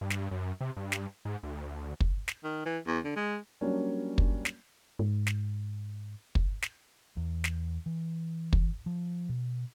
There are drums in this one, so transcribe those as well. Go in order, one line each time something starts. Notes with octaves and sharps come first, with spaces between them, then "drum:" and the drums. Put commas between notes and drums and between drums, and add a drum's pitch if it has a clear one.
G2
drum: snare
F#2
C3
G2
drum: snare
G#2
D2
drum: kick
drum: snare
D#3
E3
E2
D3
G#3
F#3 G3 A#3 C#4 D4
drum: kick
drum: snare
G#2
drum: snare
drum: kick
drum: snare
E2
drum: snare
E3
drum: kick
F3
B2